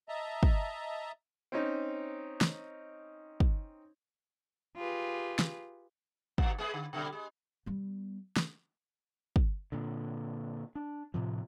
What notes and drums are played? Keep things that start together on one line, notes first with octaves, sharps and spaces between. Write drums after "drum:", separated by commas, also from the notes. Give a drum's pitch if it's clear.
D#5 E5 A5 A#5
drum: kick
C4 C#4 D#4
drum: snare
drum: kick
F4 G4 G#4 B4
drum: snare
G2 B2, drum: kick
G#3 B3 G#4
D3
B2 D3 G3
G#3
G3 B3
drum: snare
drum: kick
A#2 D3
D4
A2 C3 F3